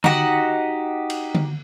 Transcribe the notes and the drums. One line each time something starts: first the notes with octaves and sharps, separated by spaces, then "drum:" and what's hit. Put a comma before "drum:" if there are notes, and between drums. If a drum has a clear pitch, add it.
D#4 F#4 G4 D#5 F#5, drum: tom D3
drum: cymbal
drum: tom D3